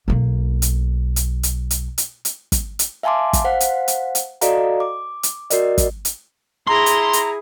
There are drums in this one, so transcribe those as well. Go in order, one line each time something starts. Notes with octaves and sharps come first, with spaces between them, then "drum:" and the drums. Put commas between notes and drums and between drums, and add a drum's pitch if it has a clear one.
B1 A#3
drum: hi-hat
drum: hi-hat
drum: hi-hat
drum: hi-hat
drum: hi-hat
drum: hi-hat
drum: kick, hi-hat
drum: hi-hat
E5 F5 G#5 A5 C6 D6
drum: kick, hi-hat
C5 F5 F#5 B6
drum: hi-hat
drum: hi-hat
drum: hi-hat
F#4 A4 D5 D#5 F5 A#5, drum: hi-hat
D6
drum: hi-hat
F#4 A#4 D5 D#5, drum: hi-hat
drum: kick, hi-hat
drum: hi-hat
E4 G#4 A#5 C6
drum: hi-hat
drum: hi-hat